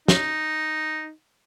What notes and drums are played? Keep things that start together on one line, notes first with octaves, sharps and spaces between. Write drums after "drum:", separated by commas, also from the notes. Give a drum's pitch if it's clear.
D#4, drum: snare